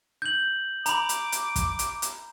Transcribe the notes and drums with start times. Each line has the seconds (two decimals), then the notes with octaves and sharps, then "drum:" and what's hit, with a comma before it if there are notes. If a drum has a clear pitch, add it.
0.22 G6 F#7
0.86 A#5 B5 D6, drum: hi-hat
1.09 drum: hi-hat
1.32 drum: hi-hat
1.56 drum: kick, hi-hat
1.79 drum: hi-hat
2.02 drum: hi-hat